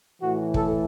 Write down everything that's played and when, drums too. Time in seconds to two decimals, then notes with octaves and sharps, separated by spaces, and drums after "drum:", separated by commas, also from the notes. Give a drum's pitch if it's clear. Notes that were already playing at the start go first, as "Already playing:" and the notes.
0.20 A2 E3 F#4
0.54 A4, drum: kick